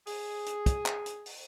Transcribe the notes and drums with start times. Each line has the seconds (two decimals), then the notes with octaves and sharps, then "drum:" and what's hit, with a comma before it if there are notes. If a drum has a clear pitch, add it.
0.07 G#4, drum: open hi-hat
0.46 drum: hi-hat
0.66 drum: kick, hi-hat
0.86 drum: clap
1.06 drum: hi-hat
1.26 drum: open hi-hat